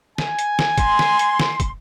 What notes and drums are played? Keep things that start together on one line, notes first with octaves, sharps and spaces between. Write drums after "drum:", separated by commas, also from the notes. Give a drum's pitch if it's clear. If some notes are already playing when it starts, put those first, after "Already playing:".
G#5, drum: snare
drum: hi-hat
drum: snare
C6, drum: kick, hi-hat
drum: snare
drum: hi-hat
drum: snare
drum: kick, hi-hat